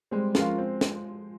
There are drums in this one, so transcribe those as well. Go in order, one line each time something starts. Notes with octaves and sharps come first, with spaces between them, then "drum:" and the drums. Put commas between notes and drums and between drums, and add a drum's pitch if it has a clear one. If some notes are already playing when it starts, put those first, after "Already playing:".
G3 G#3 C4
F3 G#3 C#4 F4 A#4 F5, drum: snare
C4
drum: snare